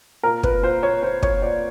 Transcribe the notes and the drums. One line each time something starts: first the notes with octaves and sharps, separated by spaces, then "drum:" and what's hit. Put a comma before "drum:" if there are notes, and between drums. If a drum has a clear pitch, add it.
A#2 A#4
A#2 B4, drum: kick
A#2 C5
A#2 C#5
A#2 C5
A#2 C#5, drum: kick
A#2 D5